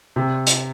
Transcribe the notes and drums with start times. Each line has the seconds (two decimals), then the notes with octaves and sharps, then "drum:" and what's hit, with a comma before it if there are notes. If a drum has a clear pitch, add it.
0.16 C3
0.46 drum: hi-hat